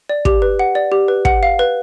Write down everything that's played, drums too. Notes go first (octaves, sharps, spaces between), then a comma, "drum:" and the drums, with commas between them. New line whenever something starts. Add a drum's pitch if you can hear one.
D5
G4, drum: kick
B4
F#5
D5
G4
B4
F#5, drum: kick
F5
B4